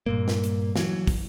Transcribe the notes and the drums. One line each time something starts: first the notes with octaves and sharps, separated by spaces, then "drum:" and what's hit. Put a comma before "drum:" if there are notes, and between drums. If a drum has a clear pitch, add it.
G2 A#2 A#3
drum: snare
drum: hi-hat
E3 F#3, drum: snare
drum: kick, open hi-hat